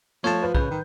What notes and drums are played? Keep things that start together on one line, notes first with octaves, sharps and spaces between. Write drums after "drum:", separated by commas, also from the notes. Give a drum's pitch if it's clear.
F3 A3 C#5 A5
F4 B4
C#3 B4 G6, drum: kick B1
D#3